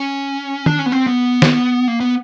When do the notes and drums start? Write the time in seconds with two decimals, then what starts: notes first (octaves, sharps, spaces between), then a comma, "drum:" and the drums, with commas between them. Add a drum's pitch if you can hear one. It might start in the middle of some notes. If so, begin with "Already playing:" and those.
Already playing: C#4
0.66 D4, drum: tom D#3
0.79 C#4
0.86 B3
0.92 C4
1.06 B3
1.42 drum: snare
1.88 A#3
2.00 B3